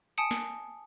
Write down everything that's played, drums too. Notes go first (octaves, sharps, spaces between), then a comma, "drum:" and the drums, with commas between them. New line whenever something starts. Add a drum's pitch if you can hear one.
G#5 A5 D#6 C#7 D7
drum: snare